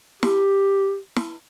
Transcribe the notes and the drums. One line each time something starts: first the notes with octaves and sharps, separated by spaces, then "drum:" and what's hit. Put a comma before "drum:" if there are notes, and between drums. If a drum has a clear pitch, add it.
G4, drum: snare
drum: snare